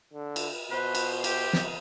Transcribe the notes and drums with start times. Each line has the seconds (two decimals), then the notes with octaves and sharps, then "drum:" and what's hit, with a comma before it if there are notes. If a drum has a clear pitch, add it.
0.13 D3
0.36 drum: cymbal
0.71 B2 B4 C5
0.95 drum: cymbal
1.24 G4, drum: cymbal
1.53 drum: snare